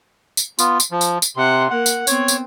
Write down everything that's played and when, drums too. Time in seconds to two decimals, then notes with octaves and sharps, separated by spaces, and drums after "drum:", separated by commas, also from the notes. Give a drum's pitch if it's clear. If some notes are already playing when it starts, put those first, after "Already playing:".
0.37 drum: tambourine
0.59 B3 F4, drum: tambourine
0.80 drum: tambourine
0.91 F3
1.01 drum: tambourine
1.22 drum: tambourine
1.36 C3 F#5 C6
1.71 A#3 F#5
1.86 drum: tambourine
2.07 B3 C4 C#5, drum: tambourine
2.28 drum: tambourine